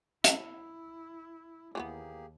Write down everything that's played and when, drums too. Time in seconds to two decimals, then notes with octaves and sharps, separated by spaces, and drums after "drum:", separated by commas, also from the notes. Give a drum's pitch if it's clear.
0.24 E4, drum: hi-hat
1.75 D#2 E3 G#3 A#3 B3 G4 G#4